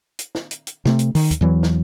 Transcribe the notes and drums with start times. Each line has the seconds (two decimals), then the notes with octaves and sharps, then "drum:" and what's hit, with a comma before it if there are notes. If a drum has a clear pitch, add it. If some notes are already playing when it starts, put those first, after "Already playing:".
0.19 drum: hi-hat
0.35 drum: snare
0.51 drum: hi-hat
0.67 drum: hi-hat
0.85 C3 A3, drum: snare
0.99 drum: hi-hat
1.15 D#3, drum: open hi-hat
1.31 drum: kick, hi-hat
1.41 E2 E3 F#3
1.63 drum: snare